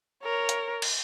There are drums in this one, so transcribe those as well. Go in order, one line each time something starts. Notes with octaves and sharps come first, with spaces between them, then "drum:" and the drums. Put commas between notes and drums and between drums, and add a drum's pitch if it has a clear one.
A#4 C#5
drum: hi-hat
drum: cymbal